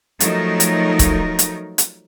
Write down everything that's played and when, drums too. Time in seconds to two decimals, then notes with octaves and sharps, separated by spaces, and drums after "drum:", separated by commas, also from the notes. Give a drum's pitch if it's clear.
0.20 F3 F#3 A3 D#4 A#4, drum: hi-hat
0.60 drum: hi-hat
0.99 drum: kick, hi-hat
1.39 drum: hi-hat
1.78 drum: hi-hat